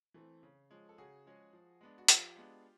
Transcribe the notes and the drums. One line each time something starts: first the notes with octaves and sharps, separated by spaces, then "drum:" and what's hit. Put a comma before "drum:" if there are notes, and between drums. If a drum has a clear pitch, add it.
E3 A3 C4
C#3
F3 G#3 C#4
A4
C#3 F#4 G#4
F3 G#3 C#4
F3
G#3 B3 D4
F#4
F3 F4 G4, drum: hi-hat
G#3 B3 D4